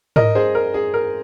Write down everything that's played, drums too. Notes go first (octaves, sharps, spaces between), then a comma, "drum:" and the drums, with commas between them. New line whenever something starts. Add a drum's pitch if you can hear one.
A#4 D#5, drum: tom G#2
G#4 C5
A#4
G#4
A#4